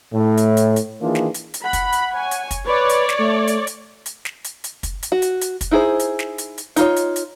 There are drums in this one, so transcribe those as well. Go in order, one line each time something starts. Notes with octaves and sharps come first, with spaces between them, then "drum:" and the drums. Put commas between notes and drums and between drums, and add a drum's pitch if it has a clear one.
A2
drum: hi-hat
drum: hi-hat
drum: hi-hat
D#3 E3 A#3 D4 F4 G#4
drum: snare
drum: hi-hat
drum: hi-hat
F#5 B5
drum: kick, hi-hat
drum: hi-hat
C#5 G#5
drum: hi-hat
drum: kick, hi-hat
B4 C#5 D5
drum: hi-hat
drum: snare
A3
drum: hi-hat
drum: hi-hat
drum: hi-hat
drum: snare
drum: hi-hat
drum: hi-hat
drum: kick, hi-hat
drum: hi-hat
F#4
drum: hi-hat
drum: hi-hat
drum: kick, hi-hat
D#4 E4 G#4 A#4 C5
drum: hi-hat
drum: snare
drum: hi-hat
drum: hi-hat
D#4 F4 C#5, drum: hi-hat
drum: hi-hat
drum: hi-hat